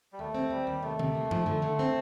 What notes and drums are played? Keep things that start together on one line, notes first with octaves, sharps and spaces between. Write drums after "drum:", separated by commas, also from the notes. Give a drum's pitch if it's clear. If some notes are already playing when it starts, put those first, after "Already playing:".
G3
D#2 A3
C4
D#2 G3
D#2
C3 A3
C3, drum: tom D3
A#3
F3, drum: tom F#2
D3
D3
C4